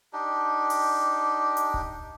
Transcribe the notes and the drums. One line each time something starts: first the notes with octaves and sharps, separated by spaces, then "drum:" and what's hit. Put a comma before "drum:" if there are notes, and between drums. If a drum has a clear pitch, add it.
D4 D#4 G4
drum: open hi-hat
drum: hi-hat
drum: kick D1